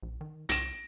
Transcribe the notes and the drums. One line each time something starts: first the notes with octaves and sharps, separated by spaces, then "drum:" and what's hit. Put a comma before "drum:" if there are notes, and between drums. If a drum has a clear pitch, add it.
A#1
D#3
C2 A#6 D7 E7, drum: hi-hat